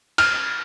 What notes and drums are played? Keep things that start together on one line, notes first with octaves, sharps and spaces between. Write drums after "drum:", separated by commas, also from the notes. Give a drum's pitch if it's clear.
F6, drum: cymbal